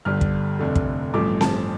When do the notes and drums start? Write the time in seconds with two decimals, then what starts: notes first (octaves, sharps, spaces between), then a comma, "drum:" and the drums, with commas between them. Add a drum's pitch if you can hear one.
0.05 G1 G2 D3 G3 F6
0.21 drum: kick
0.59 F1 F2 D3 A3
0.75 drum: kick
1.14 A1 G2 F3 A3 D6
1.41 A5, drum: snare C4